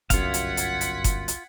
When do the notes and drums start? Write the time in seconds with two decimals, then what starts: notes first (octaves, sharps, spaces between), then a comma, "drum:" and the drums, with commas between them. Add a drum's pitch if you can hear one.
0.10 G1 C2 F#2 F4 F5 F#5 G#6 B6, drum: kick F#1, hi-hat
0.34 drum: hi-hat
0.57 drum: hi-hat
0.81 drum: hi-hat
1.04 drum: kick F#1, hi-hat
1.28 drum: hi-hat